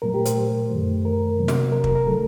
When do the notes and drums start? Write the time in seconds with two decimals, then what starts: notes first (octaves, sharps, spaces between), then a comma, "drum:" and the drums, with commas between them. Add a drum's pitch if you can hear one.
0.02 A#2 F#3 A3 A#4
0.14 G4
0.25 C5, drum: hi-hat
0.70 F#2 D#3 A3
1.05 A#4
1.39 C3 F#3 A#3
1.48 drum: snare
1.72 A#4
1.84 A#4, drum: kick
1.95 A#4
2.07 D3 F#3 A3 A4